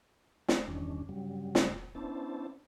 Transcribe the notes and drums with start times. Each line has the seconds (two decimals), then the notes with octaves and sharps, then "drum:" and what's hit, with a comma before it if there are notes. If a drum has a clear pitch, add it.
0.48 drum: snare
0.68 E2 G2 D#3 C#4 D4
1.09 G2 C#3 F#3 G3
1.55 drum: snare
1.95 B3 C#4 D4 E4 C5 A5